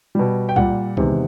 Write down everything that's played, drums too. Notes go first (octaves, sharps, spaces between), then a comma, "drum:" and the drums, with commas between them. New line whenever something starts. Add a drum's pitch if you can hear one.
B2 G3
G5
A#2 G3 F#5, drum: kick C2
E2 C3 D#3 G#3, drum: kick C2